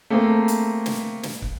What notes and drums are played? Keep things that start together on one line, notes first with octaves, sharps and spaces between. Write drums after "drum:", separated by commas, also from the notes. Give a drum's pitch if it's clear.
A3 A#3 C4 G#4
drum: hi-hat
drum: snare
drum: snare
drum: kick